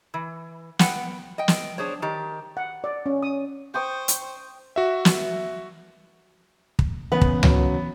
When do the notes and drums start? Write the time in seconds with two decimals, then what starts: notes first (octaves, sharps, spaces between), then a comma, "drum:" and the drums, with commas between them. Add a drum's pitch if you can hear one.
0.14 E3
0.79 B3 F#5 G5, drum: snare
1.38 D#5 G5
1.48 drum: snare
1.78 D4 G#4 C5 C#5
2.02 D#3 G4
2.57 F#5
2.84 D5
3.06 C#4
3.23 D#6
3.74 C5 G5 C#6 D#6
4.08 drum: hi-hat
4.76 F#4 E5
5.05 drum: snare
6.79 drum: kick
7.12 C#3 E3 B3 B4
7.21 drum: kick
7.43 F#3, drum: tom C#2